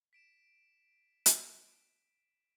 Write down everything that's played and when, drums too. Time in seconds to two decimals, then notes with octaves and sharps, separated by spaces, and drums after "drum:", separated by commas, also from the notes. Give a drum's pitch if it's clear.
0.13 B6 D7 E7
1.26 drum: hi-hat